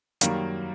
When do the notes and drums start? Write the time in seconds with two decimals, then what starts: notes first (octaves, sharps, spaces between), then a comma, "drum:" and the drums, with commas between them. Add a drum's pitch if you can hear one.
0.21 F#2 D#3 G3 A#3, drum: hi-hat